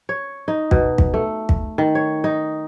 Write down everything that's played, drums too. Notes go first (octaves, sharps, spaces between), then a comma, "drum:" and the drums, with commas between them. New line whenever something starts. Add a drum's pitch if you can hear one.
C#5
D#4
B2, drum: kick
drum: kick
A3
drum: kick
D#3
C#5
D#4